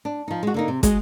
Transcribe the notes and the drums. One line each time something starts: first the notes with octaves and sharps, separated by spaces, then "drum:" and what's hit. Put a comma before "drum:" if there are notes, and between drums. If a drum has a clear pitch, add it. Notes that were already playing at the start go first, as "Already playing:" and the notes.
D4
F3 D#4
G#3 F#4
D3 A#3 D#4
C3
G#3 F#4 G#4 D#5, drum: kick, hi-hat